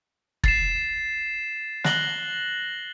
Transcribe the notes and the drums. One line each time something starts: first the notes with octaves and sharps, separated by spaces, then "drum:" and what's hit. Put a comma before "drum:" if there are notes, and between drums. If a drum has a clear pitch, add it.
A6 C7 E7, drum: kick
F#6 A#6 F#7 G7, drum: snare